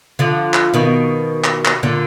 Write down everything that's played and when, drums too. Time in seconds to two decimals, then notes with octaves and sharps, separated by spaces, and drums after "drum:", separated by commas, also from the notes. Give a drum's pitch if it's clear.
0.19 D3 F3
0.54 drum: clap
0.74 B2 D#3
1.44 drum: clap
1.65 drum: clap
1.83 A#2 D3